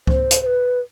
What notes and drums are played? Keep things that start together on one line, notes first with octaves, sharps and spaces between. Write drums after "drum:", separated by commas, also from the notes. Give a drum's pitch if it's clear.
C5, drum: kick C#2
drum: hi-hat
C5
B4